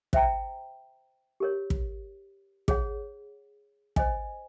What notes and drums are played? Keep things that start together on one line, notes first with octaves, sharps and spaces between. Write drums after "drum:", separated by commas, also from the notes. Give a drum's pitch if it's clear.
C5 E5 G5 A#5, drum: kick
G4 A#4 C#5
drum: kick
G#4 C#5 F#5, drum: kick
C5 D#5 G#5, drum: kick